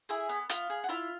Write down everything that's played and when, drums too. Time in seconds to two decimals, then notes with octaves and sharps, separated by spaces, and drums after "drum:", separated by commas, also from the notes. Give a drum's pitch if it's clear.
0.09 E4 G#4 G#5
0.29 B3
0.49 B3 F4 F5, drum: hi-hat
0.70 G#4
0.84 F#5
0.88 E4 F4 F5